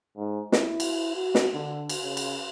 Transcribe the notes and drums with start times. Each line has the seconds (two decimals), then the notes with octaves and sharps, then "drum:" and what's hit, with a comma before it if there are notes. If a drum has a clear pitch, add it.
0.17 G#2
0.52 E4, drum: snare
0.80 drum: cymbal
1.16 F#4
1.35 drum: snare
1.53 D3
1.89 drum: cymbal
2.03 C#3
2.17 drum: cymbal